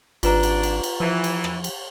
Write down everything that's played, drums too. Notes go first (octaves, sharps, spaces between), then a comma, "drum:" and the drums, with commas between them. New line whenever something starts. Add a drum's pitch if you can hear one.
G#1 D4 F4 B4 A#5, drum: cymbal
drum: cymbal
drum: cymbal
drum: cymbal
E3 F3
drum: cymbal
drum: rim click
drum: cymbal